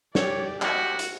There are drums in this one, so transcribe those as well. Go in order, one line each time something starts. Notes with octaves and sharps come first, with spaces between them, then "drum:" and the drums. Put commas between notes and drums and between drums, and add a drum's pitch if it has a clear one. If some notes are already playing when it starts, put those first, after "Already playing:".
G4 C#5 D5, drum: snare
F#4 G4 F#6, drum: clap
drum: hi-hat